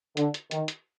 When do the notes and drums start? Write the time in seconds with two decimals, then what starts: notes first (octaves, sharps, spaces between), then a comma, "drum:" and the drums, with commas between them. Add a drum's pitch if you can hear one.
0.17 D3, drum: hi-hat
0.34 drum: hi-hat
0.51 D#3, drum: hi-hat
0.68 drum: hi-hat